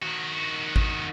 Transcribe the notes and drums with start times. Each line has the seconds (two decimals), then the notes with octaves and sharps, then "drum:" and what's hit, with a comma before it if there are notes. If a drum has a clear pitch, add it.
0.03 D#3 F#4
0.76 drum: kick G#1